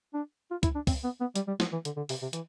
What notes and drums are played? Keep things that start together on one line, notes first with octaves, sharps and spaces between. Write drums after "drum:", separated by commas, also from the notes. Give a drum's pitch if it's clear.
D4
F4
E4, drum: kick, hi-hat
D4
C4, drum: kick, open hi-hat
B3
B3
G3, drum: hi-hat
G3
F3, drum: snare
E3
D3, drum: hi-hat
D3
C3, drum: open hi-hat
C3
E3, drum: hi-hat